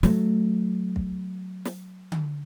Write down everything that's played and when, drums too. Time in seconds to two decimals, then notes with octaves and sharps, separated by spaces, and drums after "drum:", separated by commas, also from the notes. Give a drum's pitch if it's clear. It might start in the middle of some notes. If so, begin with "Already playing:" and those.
0.03 F#3 A3, drum: snare
0.96 drum: kick
1.65 drum: snare
2.12 drum: tom D3